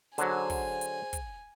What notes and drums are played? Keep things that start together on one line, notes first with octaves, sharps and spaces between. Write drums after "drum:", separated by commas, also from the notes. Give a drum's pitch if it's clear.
D3 F#3 G#4 C5 D5 G#5, drum: hi-hat
drum: kick, open hi-hat
drum: hi-hat
drum: kick, hi-hat